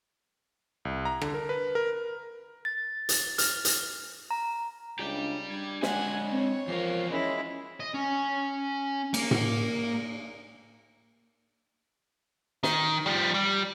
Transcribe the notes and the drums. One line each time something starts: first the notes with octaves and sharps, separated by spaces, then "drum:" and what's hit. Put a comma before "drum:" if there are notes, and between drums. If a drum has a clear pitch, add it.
C2
A#5
D3, drum: rim click
A#4
B4
A#4
A6
drum: hi-hat
F6, drum: hi-hat
drum: hi-hat
A#5
C#2 D4 G4 D5
D4 G#6
D3 G#3 F#5 G#5, drum: snare
C4 C#5
E2 F3 A#4 C7
G#3 C#4 E4
D#5
C#4
A#3, drum: cymbal
drum: tom A2
D#3, drum: snare
F3 G3
G3